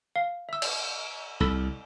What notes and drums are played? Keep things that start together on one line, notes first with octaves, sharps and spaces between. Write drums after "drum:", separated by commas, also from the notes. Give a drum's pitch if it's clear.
F5
E5 E6
drum: cymbal
C2 A4 B5 E6